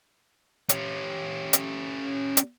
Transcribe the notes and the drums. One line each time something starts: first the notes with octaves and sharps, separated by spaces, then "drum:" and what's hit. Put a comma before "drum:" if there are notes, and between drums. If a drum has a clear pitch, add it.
C#4 G4, drum: hi-hat
drum: hi-hat
drum: hi-hat